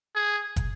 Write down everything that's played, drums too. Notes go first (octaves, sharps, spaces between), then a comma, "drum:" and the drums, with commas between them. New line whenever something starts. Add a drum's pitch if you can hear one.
G#4
drum: kick, hi-hat